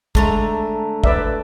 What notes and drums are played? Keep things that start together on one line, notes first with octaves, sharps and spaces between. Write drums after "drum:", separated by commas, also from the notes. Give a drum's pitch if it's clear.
D3 G#3 A3 A#5, drum: kick
B4 D5 E5, drum: kick